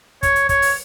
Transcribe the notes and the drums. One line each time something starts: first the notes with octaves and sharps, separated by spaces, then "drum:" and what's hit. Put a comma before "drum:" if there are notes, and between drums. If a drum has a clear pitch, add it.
C#5, drum: kick, hi-hat
drum: hi-hat
C#5, drum: kick, hi-hat
drum: open hi-hat